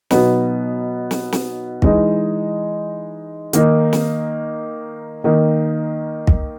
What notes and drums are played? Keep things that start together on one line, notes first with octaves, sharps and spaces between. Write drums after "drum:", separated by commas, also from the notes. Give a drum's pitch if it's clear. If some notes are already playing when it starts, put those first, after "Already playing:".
B2 F#3 B3 D#4, drum: snare
drum: snare
drum: snare
E3 G#3 D#4, drum: kick
D#3 A#3 D#4, drum: hi-hat
drum: snare
D#3 A#3 D#4
drum: kick